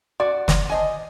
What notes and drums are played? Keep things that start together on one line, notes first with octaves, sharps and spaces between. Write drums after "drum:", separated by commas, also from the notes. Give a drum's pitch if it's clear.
F#4 D5
drum: snare
C5 D#5 G#5